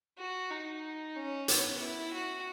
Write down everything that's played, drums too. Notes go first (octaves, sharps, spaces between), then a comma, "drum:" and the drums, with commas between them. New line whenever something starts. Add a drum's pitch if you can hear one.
F#4
D#4
C#4
B3, drum: hi-hat
E4
F#4